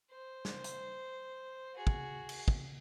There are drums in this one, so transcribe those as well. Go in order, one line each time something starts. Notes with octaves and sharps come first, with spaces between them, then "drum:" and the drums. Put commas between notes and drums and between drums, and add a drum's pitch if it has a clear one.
C5
drum: snare
drum: hi-hat
F#4 G#4
drum: kick
drum: cymbal
drum: kick